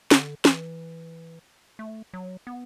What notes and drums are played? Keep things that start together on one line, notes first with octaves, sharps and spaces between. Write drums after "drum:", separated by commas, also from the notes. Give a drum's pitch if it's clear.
D3, drum: snare
E3, drum: snare
A3
F#3
B3